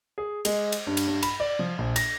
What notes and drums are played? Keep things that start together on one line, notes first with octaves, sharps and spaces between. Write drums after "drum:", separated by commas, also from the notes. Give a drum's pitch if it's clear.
G#4
G#3, drum: cymbal
drum: cymbal
G2
drum: cymbal
G2
B5, drum: cymbal
D5
F3
A#1
A#6, drum: cymbal